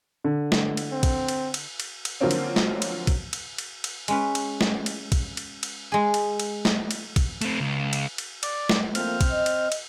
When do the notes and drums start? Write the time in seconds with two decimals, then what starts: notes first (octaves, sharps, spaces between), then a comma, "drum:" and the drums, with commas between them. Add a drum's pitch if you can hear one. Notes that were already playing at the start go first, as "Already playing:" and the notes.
0.24 D3
0.52 drum: snare
0.77 drum: cymbal
0.92 C4
1.03 drum: kick, cymbal
1.28 drum: cymbal
1.54 drum: cymbal
1.80 drum: cymbal
2.05 drum: cymbal
2.20 D3 F3 F#3 A#3 C4 C#4
2.31 drum: cymbal
2.56 drum: snare
2.82 drum: cymbal
3.07 drum: kick, cymbal
3.33 drum: cymbal
3.58 drum: cymbal
3.84 drum: cymbal
4.08 G#3 C#4 B4, drum: cymbal
4.35 drum: cymbal
4.61 drum: snare
4.86 drum: cymbal
5.12 drum: kick, cymbal
5.37 drum: cymbal
5.63 drum: cymbal
5.92 G#3 G#4
6.14 drum: cymbal
6.40 drum: cymbal
6.65 drum: snare
6.91 drum: cymbal
7.16 drum: kick, cymbal
7.41 A3 C4, drum: cymbal
7.60 C#2
7.93 drum: cymbal
8.18 drum: cymbal
8.43 D5, drum: cymbal
8.69 drum: snare
8.95 F3 A3 A#3 C4 F6, drum: cymbal
9.21 drum: kick, cymbal
9.31 D#5
9.46 drum: cymbal
9.72 drum: cymbal